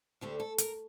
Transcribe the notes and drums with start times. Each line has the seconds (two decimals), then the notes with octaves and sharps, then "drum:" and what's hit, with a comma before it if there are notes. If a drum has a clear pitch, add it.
0.21 D2 D3 A3 G4
0.40 A4
0.58 A#4, drum: hi-hat